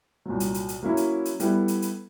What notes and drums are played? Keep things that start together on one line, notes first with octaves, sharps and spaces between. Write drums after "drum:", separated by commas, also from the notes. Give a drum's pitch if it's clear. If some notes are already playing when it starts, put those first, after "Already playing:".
C2 A#2 F#3
drum: hi-hat
drum: hi-hat
drum: hi-hat
F#3 A#3 C#4 E4
drum: hi-hat
drum: hi-hat
G3 B3 E4 A4, drum: hi-hat
drum: hi-hat
drum: hi-hat